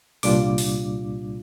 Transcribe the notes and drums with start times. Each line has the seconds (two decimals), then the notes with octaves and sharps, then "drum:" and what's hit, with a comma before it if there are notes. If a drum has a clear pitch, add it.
0.23 C2 A#2 G3 D4 F4 D6, drum: open hi-hat
0.58 drum: open hi-hat